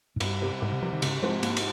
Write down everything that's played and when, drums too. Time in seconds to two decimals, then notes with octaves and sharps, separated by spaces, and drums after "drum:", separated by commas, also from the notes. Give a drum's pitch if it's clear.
0.16 G#2
0.20 C2 G2, drum: cymbal
0.41 C3 G3
0.62 C2 G#2
0.72 C3
0.82 C3 F3 G3
0.93 D#3
1.02 G#1 C#3, drum: cymbal
1.22 G#2 F3 G#3 C4
1.43 G#1 A#3, drum: cymbal
1.57 drum: cymbal